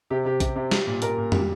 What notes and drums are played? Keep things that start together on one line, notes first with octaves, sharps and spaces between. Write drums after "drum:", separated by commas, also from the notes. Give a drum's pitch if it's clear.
C3 G4
C3 G4
C3 G4, drum: kick A#1, hi-hat
C3
G3, drum: snare
A#2
A#2 A#4, drum: hi-hat
A#2
G3, drum: tom